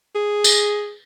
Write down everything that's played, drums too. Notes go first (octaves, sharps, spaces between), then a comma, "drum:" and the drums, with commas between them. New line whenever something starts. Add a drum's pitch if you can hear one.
G#4
drum: tambourine